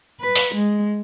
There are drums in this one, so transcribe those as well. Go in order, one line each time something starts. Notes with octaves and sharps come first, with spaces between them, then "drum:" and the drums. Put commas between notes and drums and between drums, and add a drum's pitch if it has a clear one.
B4
drum: open hi-hat
G#3